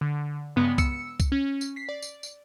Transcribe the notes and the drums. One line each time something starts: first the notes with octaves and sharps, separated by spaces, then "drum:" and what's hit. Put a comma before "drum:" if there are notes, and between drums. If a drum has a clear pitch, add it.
D3
G2 C#3 G#3 B3
E6 C#7, drum: kick C2, tambourine
drum: kick C2, tambourine
C#4
drum: tambourine
B6 C7
D5
drum: tambourine
drum: tambourine